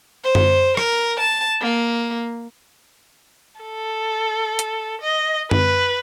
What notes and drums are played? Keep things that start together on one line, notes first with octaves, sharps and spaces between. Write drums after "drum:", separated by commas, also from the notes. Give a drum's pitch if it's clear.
C5
drum: tom F#2
A#4, drum: rim click
A5
A#3
A4
drum: hi-hat
D#5
B4, drum: tom F#2